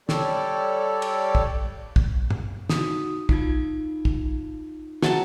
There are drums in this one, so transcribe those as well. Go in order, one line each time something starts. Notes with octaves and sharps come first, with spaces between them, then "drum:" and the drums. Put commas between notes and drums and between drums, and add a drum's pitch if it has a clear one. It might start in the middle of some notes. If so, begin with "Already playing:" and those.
G3 G4 A4 C#5 D5, drum: snare
drum: cymbal
drum: kick
drum: kick
drum: tom
D#4 F#4 D#6, drum: snare
D#4 F4 G#6, drum: kick
drum: kick
F#3 A5, drum: snare